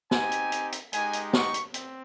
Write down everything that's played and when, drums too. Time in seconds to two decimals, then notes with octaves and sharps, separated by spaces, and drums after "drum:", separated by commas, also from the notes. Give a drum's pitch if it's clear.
0.11 C4 D#4 G4 G#5, drum: snare
0.32 drum: hi-hat
0.52 drum: hi-hat
0.72 drum: hi-hat
0.93 G#3 D#4 G4 G#5, drum: hi-hat
1.13 drum: hi-hat
1.33 C#6, drum: snare
1.54 drum: hi-hat
1.74 C4, drum: hi-hat